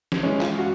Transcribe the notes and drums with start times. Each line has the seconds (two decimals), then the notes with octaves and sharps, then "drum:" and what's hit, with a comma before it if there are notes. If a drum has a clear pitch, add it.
0.12 drum: snare
0.23 E3 G#3 C#4
0.41 F4, drum: clap
0.58 F#4